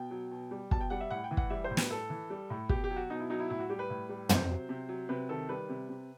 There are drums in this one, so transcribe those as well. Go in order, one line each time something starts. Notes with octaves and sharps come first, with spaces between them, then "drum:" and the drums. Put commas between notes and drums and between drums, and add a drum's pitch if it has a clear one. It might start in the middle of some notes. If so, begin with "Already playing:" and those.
Already playing: B2 G5
F#3
B2
G3
B2 A5, drum: kick
G5
G3 F#5
E5
A2 F#5
G5
E3
F#5, drum: kick
G3 E5
C5
A2
B4, drum: snare
A2 A4
E3
G3
A2
B2 G4, drum: kick
G4
F#3
F#4
B2 D#4
E4
F#3 D#4
E4
A2 E4
F#4
G3 G4
B4
A2
G3
C3 C5, drum: tom
F#3
C3
F#3
C3 B4
D#3 A4
G3 B4
C3
C3